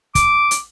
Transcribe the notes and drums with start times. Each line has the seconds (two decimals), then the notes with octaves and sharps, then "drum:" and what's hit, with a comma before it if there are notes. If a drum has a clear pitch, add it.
0.15 D6, drum: kick, hi-hat
0.51 drum: hi-hat